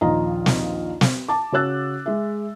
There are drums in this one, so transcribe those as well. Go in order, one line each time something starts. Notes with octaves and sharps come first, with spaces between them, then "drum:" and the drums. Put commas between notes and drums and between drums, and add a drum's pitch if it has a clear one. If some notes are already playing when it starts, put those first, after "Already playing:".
A#1 D#2 F3 F4 D#5 A#5
drum: snare
drum: snare
A5 D6
C#3 F#4 C#5 E6 F#6 A6
G#3 E5